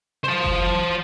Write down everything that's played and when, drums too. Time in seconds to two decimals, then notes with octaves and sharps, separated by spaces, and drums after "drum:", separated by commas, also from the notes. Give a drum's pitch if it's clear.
0.24 C5 A5
0.44 drum: kick F#1